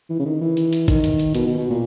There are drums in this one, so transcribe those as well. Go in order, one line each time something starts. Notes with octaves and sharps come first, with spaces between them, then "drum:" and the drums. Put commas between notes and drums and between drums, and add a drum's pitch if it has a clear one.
E3
C#3
D#3
E3
drum: hi-hat
drum: hi-hat
D#3, drum: kick G#1, hi-hat
drum: hi-hat
drum: hi-hat
B2, drum: hi-hat
B2
B2
A#2